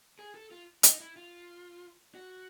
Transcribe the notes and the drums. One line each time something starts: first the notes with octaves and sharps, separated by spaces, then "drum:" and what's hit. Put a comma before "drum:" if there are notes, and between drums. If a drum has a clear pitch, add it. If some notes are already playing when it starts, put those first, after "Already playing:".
G#4
A4
F4
D#4, drum: hi-hat
E4
F4
F#4